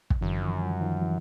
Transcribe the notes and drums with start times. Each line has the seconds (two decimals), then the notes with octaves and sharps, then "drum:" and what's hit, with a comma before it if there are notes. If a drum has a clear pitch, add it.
0.10 drum: kick
0.21 F#2 D3 E3
0.42 D#3 F3
0.62 F3 G3
0.81 D#3 F3
1.01 E3 F#3